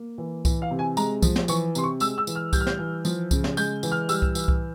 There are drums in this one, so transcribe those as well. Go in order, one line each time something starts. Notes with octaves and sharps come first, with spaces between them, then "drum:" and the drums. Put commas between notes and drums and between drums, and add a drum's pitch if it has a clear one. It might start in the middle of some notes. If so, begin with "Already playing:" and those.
Already playing: A#3
E3
E3, drum: kick C2, tambourine
F5
C3
G#5
G#3 A#5, drum: tambourine
F3, drum: kick C2, tambourine
drum: snare
E3 C#6, drum: tambourine
C3 C6, drum: tambourine
C#6
G#3 E6, drum: tambourine
E6
E3, drum: tambourine
F6
G3 G6, drum: kick C2, tambourine
F6
G6, drum: snare
E3
F3, drum: tambourine
C#3, drum: kick C2, tambourine
drum: snare
G#3 G6, drum: tambourine
E3, drum: tambourine
F6
G3 E6, drum: tambourine
drum: kick C2
E3, drum: tambourine
drum: kick C2